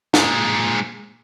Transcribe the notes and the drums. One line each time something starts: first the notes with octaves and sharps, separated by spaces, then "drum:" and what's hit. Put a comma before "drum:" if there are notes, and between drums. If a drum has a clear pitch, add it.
A#2 G#3, drum: snare